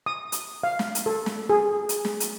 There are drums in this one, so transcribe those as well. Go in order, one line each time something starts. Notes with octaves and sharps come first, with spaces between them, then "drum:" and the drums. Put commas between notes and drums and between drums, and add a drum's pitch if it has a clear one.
D#6
drum: hi-hat
F5
drum: snare
drum: hi-hat
A4
drum: snare
G#4
drum: hi-hat
drum: snare
drum: hi-hat